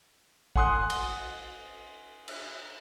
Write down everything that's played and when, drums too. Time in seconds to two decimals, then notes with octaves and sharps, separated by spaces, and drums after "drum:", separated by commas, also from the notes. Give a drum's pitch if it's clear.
0.56 F#5 G#5 C6 D#6 F#6, drum: kick A1
0.90 drum: cymbal
2.28 drum: cymbal